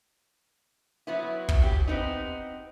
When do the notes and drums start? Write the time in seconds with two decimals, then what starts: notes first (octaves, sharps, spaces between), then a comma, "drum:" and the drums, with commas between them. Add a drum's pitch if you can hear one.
1.07 F#3 B3 E4
1.49 drum: kick
1.62 F#3 G4
1.87 B3 C4 D#4